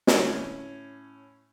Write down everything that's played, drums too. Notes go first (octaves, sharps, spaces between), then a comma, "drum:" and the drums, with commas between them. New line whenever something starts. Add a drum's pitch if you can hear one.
D3 G3 G#3 A#3 C4 C#4, drum: snare
A2 C#4